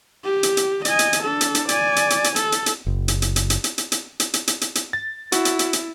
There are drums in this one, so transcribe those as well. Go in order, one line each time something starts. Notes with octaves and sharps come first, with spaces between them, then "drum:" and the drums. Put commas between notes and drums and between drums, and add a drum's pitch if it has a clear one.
G4
drum: hi-hat
drum: hi-hat
D#5 G#5, drum: hi-hat
drum: hi-hat
drum: hi-hat
D4 A4
drum: hi-hat
drum: hi-hat
D5 G#5, drum: hi-hat
drum: hi-hat
drum: hi-hat
drum: hi-hat
A4, drum: hi-hat
drum: hi-hat
drum: hi-hat
F#1
drum: hi-hat
drum: hi-hat
drum: hi-hat
drum: hi-hat
drum: hi-hat
drum: hi-hat
drum: hi-hat
drum: hi-hat
drum: hi-hat
drum: hi-hat
drum: hi-hat
drum: hi-hat
A6
E4 F#4, drum: hi-hat
drum: hi-hat
drum: hi-hat
drum: hi-hat